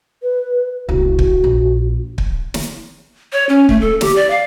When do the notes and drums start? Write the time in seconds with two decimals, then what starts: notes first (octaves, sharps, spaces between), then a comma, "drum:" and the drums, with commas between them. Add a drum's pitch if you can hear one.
0.23 B4
0.89 D1 C2 F#4
1.19 drum: kick
1.44 A#1
2.18 drum: kick
2.54 drum: snare
3.33 C#5
3.49 C#4
3.69 A3, drum: kick
3.81 A4
4.01 G4, drum: snare
4.15 D5
4.30 F5